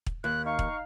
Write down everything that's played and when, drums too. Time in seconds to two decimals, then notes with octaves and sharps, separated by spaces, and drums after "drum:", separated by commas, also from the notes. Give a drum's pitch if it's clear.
0.06 drum: kick
0.24 D#2 F#6
0.46 D#4 F5 C#6
0.59 drum: kick